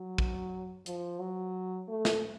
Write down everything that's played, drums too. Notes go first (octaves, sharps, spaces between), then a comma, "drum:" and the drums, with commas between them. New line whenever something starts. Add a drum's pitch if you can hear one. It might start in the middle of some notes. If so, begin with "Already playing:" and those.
Already playing: F#3
drum: kick
F3, drum: hi-hat
F#3
A3
drum: snare